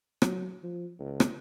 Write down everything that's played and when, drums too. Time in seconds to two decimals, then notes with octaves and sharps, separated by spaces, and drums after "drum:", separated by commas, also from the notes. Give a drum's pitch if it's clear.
0.22 F#3, drum: rim click
0.63 F3
0.99 C#2
1.20 drum: rim click